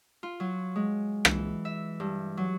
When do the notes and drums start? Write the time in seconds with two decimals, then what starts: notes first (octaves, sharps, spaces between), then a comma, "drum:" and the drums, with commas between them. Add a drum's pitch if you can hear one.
0.23 F4
0.40 F#3
0.76 G#3
1.25 E3, drum: rim click
1.65 E5
2.00 G2
2.37 F#3